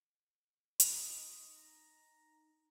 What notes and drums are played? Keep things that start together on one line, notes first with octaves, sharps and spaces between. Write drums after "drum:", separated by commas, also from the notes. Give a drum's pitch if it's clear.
D#4 D#5 C6 C#6, drum: hi-hat
A#5